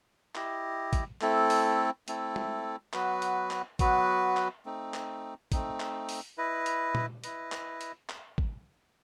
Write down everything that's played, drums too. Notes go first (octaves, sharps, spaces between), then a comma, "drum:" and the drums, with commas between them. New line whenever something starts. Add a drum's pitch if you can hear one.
E4 G4 D#5, drum: clap
drum: kick, hi-hat
A3 C4 E4 A4, drum: clap
drum: open hi-hat
A3 C4 E4 A4, drum: hi-hat
drum: tom
F#3 B3 F#4 B4, drum: clap
drum: hi-hat
drum: clap
F#3 B3 F#4 B4, drum: kick, hi-hat
drum: clap
A3 C4 D#4
drum: clap
A3 C4 D#4, drum: kick, hi-hat
drum: clap
drum: open hi-hat
E4 B4 D#5
drum: hi-hat
drum: tom A#2
E4 B4 D#5, drum: hi-hat
drum: clap
drum: hi-hat
drum: clap
drum: kick